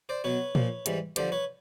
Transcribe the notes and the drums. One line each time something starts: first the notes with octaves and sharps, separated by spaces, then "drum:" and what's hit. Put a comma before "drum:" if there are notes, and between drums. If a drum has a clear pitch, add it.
C5 D5
B2 F#3 B4 C#5
A#2 F3, drum: tom A#2
G#2 E3 G3, drum: hi-hat
G2 D3 F3 C5 D5, drum: hi-hat
B4 C#5